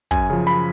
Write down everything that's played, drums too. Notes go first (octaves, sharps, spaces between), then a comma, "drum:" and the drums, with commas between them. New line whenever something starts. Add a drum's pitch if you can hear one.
F#2 G#5, drum: kick
C#3 F3
B5